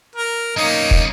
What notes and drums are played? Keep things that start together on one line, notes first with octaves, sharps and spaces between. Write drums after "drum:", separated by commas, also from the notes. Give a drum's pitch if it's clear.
A#4
B1 A#3 C#4 D#4
drum: kick